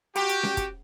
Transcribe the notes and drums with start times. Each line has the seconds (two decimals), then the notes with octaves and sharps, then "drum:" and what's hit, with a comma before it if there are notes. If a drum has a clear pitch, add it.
0.16 F#4 G4, drum: hi-hat
0.29 drum: hi-hat
0.43 drum: snare C#4
0.57 drum: kick, hi-hat